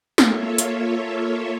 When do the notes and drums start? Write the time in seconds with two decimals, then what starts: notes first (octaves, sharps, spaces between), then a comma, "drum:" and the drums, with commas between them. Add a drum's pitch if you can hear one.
0.18 A#3 F4 A4 C#5 E5, drum: snare
0.58 drum: hi-hat